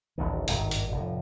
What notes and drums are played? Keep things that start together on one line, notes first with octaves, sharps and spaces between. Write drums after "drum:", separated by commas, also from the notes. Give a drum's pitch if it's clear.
D1 A1 D2 D#3
D#1 G#1 G2 D#3, drum: hi-hat
drum: hi-hat
F1 A2